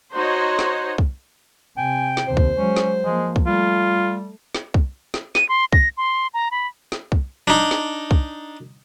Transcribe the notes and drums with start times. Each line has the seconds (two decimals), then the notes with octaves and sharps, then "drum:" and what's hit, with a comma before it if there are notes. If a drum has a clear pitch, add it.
0.15 D#4 F#4 C5 C#5 D#5 F#5
0.59 drum: snare
0.98 drum: kick
1.77 C3 G5 G#5
2.17 drum: snare
2.28 D#2 C3 C5
2.37 drum: kick
2.58 F#3 G#3 C#4
2.76 drum: snare
3.04 F3 G#3 A#3
3.36 drum: kick
3.46 G3 A3 F4
4.55 drum: snare
4.74 drum: kick
5.14 drum: snare
5.35 D#7, drum: snare
5.49 C6
5.73 A#6, drum: kick
5.97 C6
6.34 A#5
6.51 B5
6.92 drum: snare
7.12 drum: kick
7.48 D4 D#4
7.71 drum: snare
8.11 drum: kick